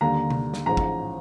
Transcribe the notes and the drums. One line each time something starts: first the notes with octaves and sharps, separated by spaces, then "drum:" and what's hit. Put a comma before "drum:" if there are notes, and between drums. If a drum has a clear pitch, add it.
D#2 D3 G3 A#3 A#5
drum: tom C3
drum: snare
A1 G#2 F3 A#5
drum: kick